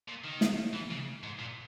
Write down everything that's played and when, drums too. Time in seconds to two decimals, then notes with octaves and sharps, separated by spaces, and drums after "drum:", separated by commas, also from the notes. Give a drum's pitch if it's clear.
0.08 A#2
0.25 D#3
0.41 drum: snare
0.73 E3
0.91 C#3
1.23 G#2
1.39 A#2